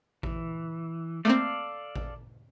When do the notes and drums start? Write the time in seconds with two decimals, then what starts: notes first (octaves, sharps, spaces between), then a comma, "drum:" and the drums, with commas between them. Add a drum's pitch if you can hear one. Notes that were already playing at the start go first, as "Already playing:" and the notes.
0.23 E3, drum: kick A1
1.25 A3 A#3 C4 A4 D5 F5
1.96 drum: kick A1